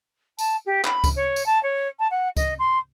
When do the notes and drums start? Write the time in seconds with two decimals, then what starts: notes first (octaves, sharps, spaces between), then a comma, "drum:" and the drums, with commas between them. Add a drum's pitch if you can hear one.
0.39 A5, drum: tambourine
0.66 G4
0.85 B5, drum: clap
1.04 drum: kick C#2, tambourine
1.16 C#5
1.36 drum: tambourine
1.46 A5
1.63 C#5
2.00 A5
2.11 F#5
2.37 D#5, drum: kick C#2, tambourine
2.59 C6